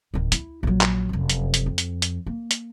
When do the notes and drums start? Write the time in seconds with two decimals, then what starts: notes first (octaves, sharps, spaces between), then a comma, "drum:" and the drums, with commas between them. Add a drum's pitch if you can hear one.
0.14 D1 D#3
0.32 E4, drum: hi-hat
0.63 A#1 F#3
0.81 drum: clap
1.09 F1 F#2
1.30 drum: hi-hat
1.54 drum: hi-hat
1.66 F2
1.78 drum: hi-hat
2.02 drum: hi-hat
2.26 A#3
2.51 drum: hi-hat